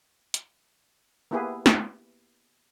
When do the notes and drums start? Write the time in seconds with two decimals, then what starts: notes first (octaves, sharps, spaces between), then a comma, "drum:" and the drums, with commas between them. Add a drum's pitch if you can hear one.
0.34 drum: hi-hat
1.31 A#3 B3 E4 G4 G#4 B4
1.66 drum: snare